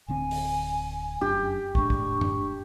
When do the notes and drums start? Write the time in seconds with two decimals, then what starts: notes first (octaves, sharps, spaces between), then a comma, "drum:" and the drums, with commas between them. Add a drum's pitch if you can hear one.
0.08 D1 D3 C4 G#5
0.31 drum: open hi-hat
1.21 F1 F#2 D4 G4
1.75 E1 A2 G#3 D4 C#6, drum: kick
1.90 drum: kick
2.21 drum: tom F#2